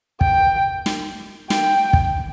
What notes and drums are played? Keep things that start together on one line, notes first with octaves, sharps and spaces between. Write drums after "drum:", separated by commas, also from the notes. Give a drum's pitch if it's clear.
G5, drum: kick
drum: snare
G5, drum: snare
drum: kick